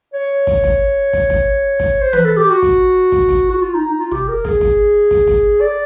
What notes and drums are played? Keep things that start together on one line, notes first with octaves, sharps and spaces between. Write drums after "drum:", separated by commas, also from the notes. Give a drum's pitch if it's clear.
C#5
drum: kick, hi-hat
drum: kick, hi-hat
drum: kick, hi-hat
drum: kick, hi-hat
drum: kick, hi-hat
C5
B4, drum: tom E3
A4
G4
F#4
drum: kick, hi-hat
drum: kick, hi-hat
drum: kick, hi-hat
F#4
F4
D#4
D#4
F4
G4, drum: tom
A#4
G#4, drum: kick, hi-hat
drum: kick, hi-hat
drum: kick, hi-hat
drum: kick, hi-hat
D5